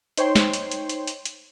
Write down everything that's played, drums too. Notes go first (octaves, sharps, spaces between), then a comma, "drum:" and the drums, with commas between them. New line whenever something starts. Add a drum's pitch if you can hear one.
D#4 C5 C#5 G5 C6, drum: hi-hat
drum: snare
drum: hi-hat
drum: hi-hat
drum: hi-hat
drum: hi-hat
drum: hi-hat